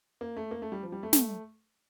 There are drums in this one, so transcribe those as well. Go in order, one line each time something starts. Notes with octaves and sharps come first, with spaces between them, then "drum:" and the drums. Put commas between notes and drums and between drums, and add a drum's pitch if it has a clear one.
A#3
A3
A#3
A3
G3
F3
G3
A3
drum: snare